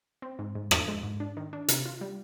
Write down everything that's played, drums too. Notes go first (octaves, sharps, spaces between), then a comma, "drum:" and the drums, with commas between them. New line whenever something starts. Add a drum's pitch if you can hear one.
C4
G#2
G#2
F3, drum: rim click
G#3
G#2
D4
D#3
D4
C3, drum: hi-hat
F4
G3